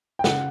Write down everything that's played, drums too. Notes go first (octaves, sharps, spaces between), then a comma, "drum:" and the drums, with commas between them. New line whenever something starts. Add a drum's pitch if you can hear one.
G5
C#3 F#5, drum: snare